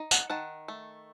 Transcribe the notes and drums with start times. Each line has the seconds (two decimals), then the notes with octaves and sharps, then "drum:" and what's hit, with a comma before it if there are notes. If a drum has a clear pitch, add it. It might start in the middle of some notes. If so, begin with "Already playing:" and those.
Already playing: D#4
0.11 F#5 A5, drum: tambourine
0.30 D#3 F#5 A5
0.68 A3